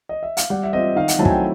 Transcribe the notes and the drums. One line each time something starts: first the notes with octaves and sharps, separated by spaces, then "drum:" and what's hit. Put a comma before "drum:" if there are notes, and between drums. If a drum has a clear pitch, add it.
D#5
E5
F5, drum: hi-hat
G3 F#5
E5
C4 F4 D#5
D#3 F5
F#5, drum: hi-hat
F#3 A3 C4 E4 A5
G#5, drum: kick
G5